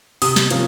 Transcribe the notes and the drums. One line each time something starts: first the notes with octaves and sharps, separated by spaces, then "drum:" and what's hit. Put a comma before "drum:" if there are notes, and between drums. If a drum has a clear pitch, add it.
C3 D#6, drum: open hi-hat
drum: snare
F3 A#3 C#4, drum: hi-hat